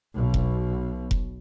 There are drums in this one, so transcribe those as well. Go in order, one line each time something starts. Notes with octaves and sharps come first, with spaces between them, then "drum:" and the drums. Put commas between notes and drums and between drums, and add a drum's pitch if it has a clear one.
B1 B2
drum: kick F1
drum: kick F1